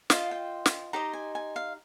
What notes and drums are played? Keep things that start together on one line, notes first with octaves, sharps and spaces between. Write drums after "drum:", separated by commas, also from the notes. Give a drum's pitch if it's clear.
F4 C5 D#5 F5, drum: snare
G5
drum: snare
D#4 G4 C5 D#5 A#5
G#5
G#5
F5